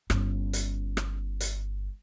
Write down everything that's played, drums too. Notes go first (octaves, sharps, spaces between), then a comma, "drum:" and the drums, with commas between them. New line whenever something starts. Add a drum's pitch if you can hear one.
G1 C#4, drum: rim click
drum: hi-hat
drum: rim click
drum: hi-hat